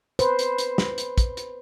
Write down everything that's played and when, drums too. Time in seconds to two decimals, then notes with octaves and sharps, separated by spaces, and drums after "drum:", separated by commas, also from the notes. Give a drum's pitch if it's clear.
0.19 B4 C5, drum: hi-hat
0.39 drum: hi-hat
0.58 drum: hi-hat
0.78 drum: snare
0.98 drum: hi-hat
1.18 drum: kick, hi-hat
1.37 drum: hi-hat